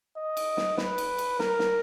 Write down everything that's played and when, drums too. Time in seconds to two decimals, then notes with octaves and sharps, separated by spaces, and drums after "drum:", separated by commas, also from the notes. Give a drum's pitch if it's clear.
0.16 D#5
0.37 drum: cymbal
0.57 drum: snare
0.77 B4, drum: snare
0.98 drum: cymbal
1.18 drum: cymbal
1.39 A#4, drum: snare
1.59 drum: snare